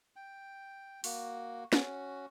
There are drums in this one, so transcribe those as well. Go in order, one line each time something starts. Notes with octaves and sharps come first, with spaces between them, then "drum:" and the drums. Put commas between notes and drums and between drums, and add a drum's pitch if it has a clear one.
G5
A#3 F#4, drum: open hi-hat
C#4 F#4, drum: snare